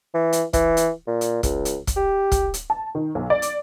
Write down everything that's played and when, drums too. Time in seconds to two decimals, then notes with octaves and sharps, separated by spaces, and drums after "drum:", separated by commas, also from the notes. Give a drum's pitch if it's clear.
0.14 E3
0.33 drum: hi-hat
0.53 E3, drum: kick, hi-hat
0.77 drum: hi-hat
1.07 A#2
1.21 drum: hi-hat
1.43 C#2, drum: kick, hi-hat
1.65 drum: hi-hat
1.87 drum: kick, hi-hat
1.96 G4
2.32 drum: kick, hi-hat
2.54 drum: hi-hat
2.70 A5
2.95 D#3
3.15 B1
3.30 D5
3.42 drum: hi-hat